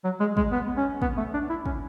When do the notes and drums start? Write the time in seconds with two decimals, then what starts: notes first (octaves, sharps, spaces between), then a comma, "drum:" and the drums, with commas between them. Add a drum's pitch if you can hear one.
0.04 F#3
0.20 G#3
0.37 G#3, drum: kick
0.52 B3
0.77 C#4
1.02 B3, drum: kick
1.17 A3
1.34 D4
1.50 E4
1.66 C#4, drum: kick